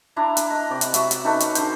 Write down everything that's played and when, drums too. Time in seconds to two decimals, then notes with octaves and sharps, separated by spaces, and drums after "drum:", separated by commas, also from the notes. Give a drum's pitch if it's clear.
0.16 D4 E4 A#5
0.37 drum: hi-hat
0.50 D#5
0.70 C3 D5
0.81 drum: hi-hat
0.94 E4 F#4 E5, drum: hi-hat
1.11 drum: hi-hat
1.24 C#4 D#4 A4 B4
1.40 drum: hi-hat
1.55 D3 C5, drum: hi-hat